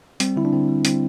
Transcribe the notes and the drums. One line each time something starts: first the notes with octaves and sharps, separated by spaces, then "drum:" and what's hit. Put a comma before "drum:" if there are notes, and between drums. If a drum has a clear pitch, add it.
G3 C4, drum: hi-hat
D3 E4
D4
D3 C4
G3
G3 C4, drum: hi-hat